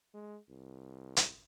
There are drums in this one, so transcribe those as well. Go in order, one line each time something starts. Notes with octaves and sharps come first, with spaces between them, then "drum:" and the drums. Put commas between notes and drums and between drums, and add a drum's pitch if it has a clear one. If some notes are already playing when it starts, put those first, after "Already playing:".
G#3
C2
drum: hi-hat